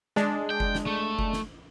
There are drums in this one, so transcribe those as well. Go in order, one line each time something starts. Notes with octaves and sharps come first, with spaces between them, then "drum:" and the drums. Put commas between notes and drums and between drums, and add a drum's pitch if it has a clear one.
G#3 D4, drum: snare
G5
drum: kick F#1
drum: snare
A3
drum: kick F#1
drum: snare